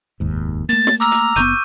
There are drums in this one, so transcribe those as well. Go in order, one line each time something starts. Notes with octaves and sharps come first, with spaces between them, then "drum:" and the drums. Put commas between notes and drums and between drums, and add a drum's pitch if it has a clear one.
F1 D#2 G#2
A3 A#3 A6
drum: snare
A#5 D6 E6 F6
drum: hi-hat
F#1 C#3 B3 C#6 G6 D#7, drum: hi-hat